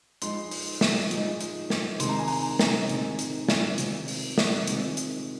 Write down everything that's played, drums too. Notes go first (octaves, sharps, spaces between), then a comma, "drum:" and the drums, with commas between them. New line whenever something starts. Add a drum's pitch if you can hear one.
F3 G#3 D#4 C6, drum: hi-hat
drum: open hi-hat
drum: snare
F3 G#3 D#4, drum: hi-hat
drum: hi-hat
drum: snare
C3 D#3 G#3 D#4 C6, drum: hi-hat
A#5
G#5
A#5, drum: open hi-hat
drum: snare
C3 D#3 G#3 D#4, drum: hi-hat
drum: hi-hat
drum: snare
C3 D#3 G#3 C4 F4, drum: hi-hat
drum: open hi-hat
drum: snare
C3 D#3 G#3 C4 F4, drum: hi-hat
drum: hi-hat